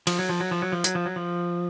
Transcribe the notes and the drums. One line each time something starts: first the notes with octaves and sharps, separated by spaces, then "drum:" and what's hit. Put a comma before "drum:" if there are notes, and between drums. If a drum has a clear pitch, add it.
F3, drum: cymbal
F#3
F3
F#3
F3
F#3
F3
F#3, drum: hi-hat
F3
F#3
F3